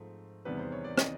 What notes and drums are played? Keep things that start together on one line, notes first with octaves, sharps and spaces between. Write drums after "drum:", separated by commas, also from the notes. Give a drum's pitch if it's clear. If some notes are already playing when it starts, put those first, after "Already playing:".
Already playing: G#2 F3 A3 C4
E2 C3 D#3 G3 B3 B4
C5
C#5
D5
D#5, drum: rim click